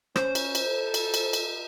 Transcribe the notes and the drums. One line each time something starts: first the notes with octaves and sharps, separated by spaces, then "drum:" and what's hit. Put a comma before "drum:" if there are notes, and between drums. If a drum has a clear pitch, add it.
C#4 C5, drum: rim click
drum: cymbal
drum: cymbal
A4
drum: cymbal
drum: cymbal
drum: cymbal